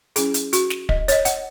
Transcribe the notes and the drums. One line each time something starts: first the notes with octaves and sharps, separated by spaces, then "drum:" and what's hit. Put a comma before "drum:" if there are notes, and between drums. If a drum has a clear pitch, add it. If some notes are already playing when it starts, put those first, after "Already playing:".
F#3 C#4 E4 G#4, drum: hi-hat
drum: hi-hat
F#4, drum: hi-hat
drum: snare
D#5, drum: kick
C#5, drum: hi-hat
D#5
F#5, drum: hi-hat